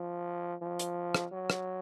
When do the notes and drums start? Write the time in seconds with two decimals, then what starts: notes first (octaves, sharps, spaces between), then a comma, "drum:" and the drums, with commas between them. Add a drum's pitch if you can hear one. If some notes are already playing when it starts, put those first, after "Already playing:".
Already playing: F3
0.62 F3
0.79 drum: hi-hat
1.15 drum: rim click
1.32 F#3
1.50 drum: rim click